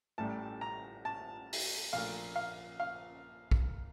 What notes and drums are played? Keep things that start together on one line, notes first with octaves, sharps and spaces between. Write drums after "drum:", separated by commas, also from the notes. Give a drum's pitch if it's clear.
A1 A2 G3 A5
A#5
A5
drum: open hi-hat
A#1 A#2 A3 F5
F5
F5
drum: kick